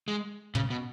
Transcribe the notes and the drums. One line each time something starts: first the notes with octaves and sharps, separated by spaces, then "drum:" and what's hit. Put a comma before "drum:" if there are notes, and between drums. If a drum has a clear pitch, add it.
G#3
C#3, drum: tom
B2